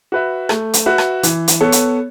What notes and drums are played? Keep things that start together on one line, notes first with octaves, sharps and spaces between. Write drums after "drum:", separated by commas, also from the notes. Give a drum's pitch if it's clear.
F#4 B4 E5
A3, drum: rim click
drum: hi-hat
F#4 B4 E5
drum: rim click
E3, drum: hi-hat
drum: hi-hat
B3 A4 C#5
drum: hi-hat